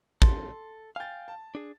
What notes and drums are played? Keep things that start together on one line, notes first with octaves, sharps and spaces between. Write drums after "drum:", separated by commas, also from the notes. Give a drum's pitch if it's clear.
A4 C6, drum: kick
F5 G5 G#5 A6
A5
D4 G#4